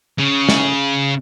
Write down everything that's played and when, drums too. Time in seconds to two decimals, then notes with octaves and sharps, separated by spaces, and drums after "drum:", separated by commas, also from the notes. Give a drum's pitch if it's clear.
0.18 C#3
0.49 drum: snare